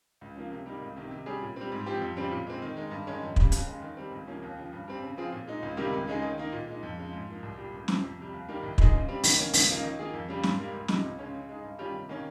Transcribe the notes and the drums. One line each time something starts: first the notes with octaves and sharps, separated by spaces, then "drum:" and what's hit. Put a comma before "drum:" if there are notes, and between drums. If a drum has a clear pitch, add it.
C#2
C#3 F3 A#3
C3
G3 A#3 D#4
C#2
C3 D#3
C3
G3 C#4 G#4
A#2
G3 C4
G#2
F3 C4 G4
F2
C#3 G3 C4
A#2
G#3 C4
D#3
G#3 D#4
G2
D#3 G#3 C#4
F2
C#3 G3, drum: kick
D#2, drum: hi-hat
C#3 G#3
D#3
G3 C4
C#2
C3 F3 A#3 C#4
D#2
C#3 F3
G2
G3 C4
C#3
F3 C4 F4 G#4
A#2
G#3 D#4
C#2
C3 D#3 G3 A#3
C#2
C#3 G#3 D#4 G#4
D#3
A#3 D#4
A#2
G#3 D#4
F2
C#3 G#3
G#2
F3 A#3
C2
A#2 G3
C#2
C3 F3 C4, drum: snare
F2
C3 G3
D#2
D#3 G3 A#3
C2
A#2 G#3 D#4 G#4, drum: kick
C#3
G3 C4
D#3, drum: open hi-hat
A#3 C#4
C#2, drum: open hi-hat
C#3 F3 A#3 D#4
D#3
A#3 F4 G#4
F2
C#3 G3
G#2, drum: snare
G3 A#3
C#2
C3 F3 G#3 D#4, drum: snare
C#2
C#3 G#3 C#4
C#3
G#3 D#4 G#4
G2
D#3 G3 C#4 F4
C3
D#3 A#3 C#4